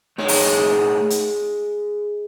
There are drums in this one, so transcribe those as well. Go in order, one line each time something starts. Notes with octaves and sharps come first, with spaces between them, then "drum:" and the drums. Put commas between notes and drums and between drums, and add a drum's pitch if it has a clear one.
G#3 A3 D#4 G#4 C#5
drum: open hi-hat
drum: hi-hat